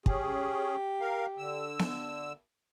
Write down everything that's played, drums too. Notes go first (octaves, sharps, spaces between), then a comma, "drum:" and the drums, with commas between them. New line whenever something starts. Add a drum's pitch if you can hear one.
C#4 G4 G#4, drum: kick
A#4 F5
D3 E6
drum: snare B3